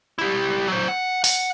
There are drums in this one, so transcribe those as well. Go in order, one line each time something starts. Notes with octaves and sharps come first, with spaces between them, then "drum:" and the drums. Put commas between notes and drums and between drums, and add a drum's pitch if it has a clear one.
E4 G4
F#3 C5
F#5
F#5, drum: open hi-hat